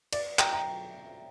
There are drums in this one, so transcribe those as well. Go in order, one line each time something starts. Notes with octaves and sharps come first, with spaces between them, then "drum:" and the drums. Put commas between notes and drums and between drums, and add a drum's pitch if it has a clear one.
D5, drum: cymbal
G5 A#5, drum: clap
G5 A#5